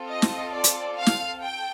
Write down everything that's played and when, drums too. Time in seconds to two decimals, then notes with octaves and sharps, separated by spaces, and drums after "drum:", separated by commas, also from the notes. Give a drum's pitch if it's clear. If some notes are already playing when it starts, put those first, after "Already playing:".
Already playing: C4 F4 A4
0.08 D#5
0.22 drum: snare
0.52 D5
0.64 drum: hi-hat
0.97 F5
1.06 drum: snare
1.42 A4 G5